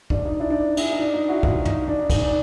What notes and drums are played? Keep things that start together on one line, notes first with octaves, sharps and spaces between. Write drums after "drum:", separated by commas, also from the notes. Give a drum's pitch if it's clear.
D4, drum: kick
D#4
D4 E4
D4
D#4
D4 E4, drum: cymbal
D#4
D4
D#4
E4 F#4
D#4 F4, drum: kick
D#4, drum: tom
D4
D#4
D#4, drum: kick, cymbal
D4